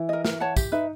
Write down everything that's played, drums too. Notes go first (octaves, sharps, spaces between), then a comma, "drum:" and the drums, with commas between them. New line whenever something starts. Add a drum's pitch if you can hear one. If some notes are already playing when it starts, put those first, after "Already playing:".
Already playing: E3 E4
A#4 D#5
A#4, drum: snare
C#5 F#5 A5
G4, drum: kick, tambourine
D#4 B4 E5